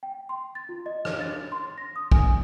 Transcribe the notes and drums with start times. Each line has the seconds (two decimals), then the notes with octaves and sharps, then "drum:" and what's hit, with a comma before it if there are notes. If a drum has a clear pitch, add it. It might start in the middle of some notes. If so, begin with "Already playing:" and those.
0.03 G5
0.29 C6
0.55 A6
0.69 F4
0.86 D#5
1.05 C#5, drum: rim click
1.21 A6
1.32 A6
1.52 C6
1.78 A#6
1.96 D#6
2.12 G#5, drum: kick